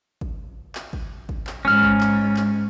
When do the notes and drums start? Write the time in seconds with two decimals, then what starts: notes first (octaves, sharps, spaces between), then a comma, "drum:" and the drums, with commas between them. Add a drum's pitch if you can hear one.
0.21 drum: kick G#1
0.75 drum: clap
0.93 drum: kick G#1
1.29 drum: kick G#1
1.47 drum: clap
1.65 G#2 C#4 F6
1.83 drum: kick G#1
2.01 drum: clap
2.37 drum: clap